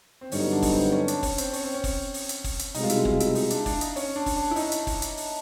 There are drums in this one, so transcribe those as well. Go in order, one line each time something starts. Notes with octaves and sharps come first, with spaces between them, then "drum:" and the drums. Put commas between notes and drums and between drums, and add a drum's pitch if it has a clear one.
C4
G2 D3 F#3 B3 C#4 D#4, drum: open hi-hat
D4
drum: kick, open hi-hat
C4
C#4
D4, drum: hi-hat
C#4, drum: kick, open hi-hat
C4, drum: hi-hat
C#4, drum: open hi-hat
C4
C#4
drum: kick, open hi-hat
drum: open hi-hat
drum: hi-hat
drum: kick, open hi-hat
drum: hi-hat
C2 B2 G#3 D#4, drum: open hi-hat
F4
E4, drum: hi-hat
F4, drum: kick
E4, drum: hi-hat
D#4, drum: open hi-hat
D4, drum: hi-hat
D4, drum: kick, open hi-hat
D#4, drum: hi-hat
C#4, drum: open hi-hat
D4
drum: kick, open hi-hat
D4
E4
D#4, drum: open hi-hat
drum: hi-hat
drum: kick, open hi-hat
drum: hi-hat
drum: open hi-hat